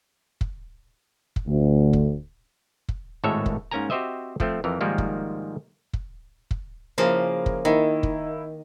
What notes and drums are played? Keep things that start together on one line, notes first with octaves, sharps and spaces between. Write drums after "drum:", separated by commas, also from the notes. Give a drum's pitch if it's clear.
drum: kick
drum: kick
D2
drum: kick
drum: kick
G#1 A2 G#3 A4 C#5 E5
drum: kick
G#2 A#3 C#4 A#4 G#5 A#5
C4 F#4 G4 C5 D#5 E5
F3 A3 C4, drum: kick
F2 E3 C4 A#4
G#2 D#3 F3 G3 G#3 A#3
drum: kick
drum: kick
drum: kick
C#3 F3 A#3 E4 G#4 A#4
drum: kick
D#3 A#3 D#4 E4
drum: kick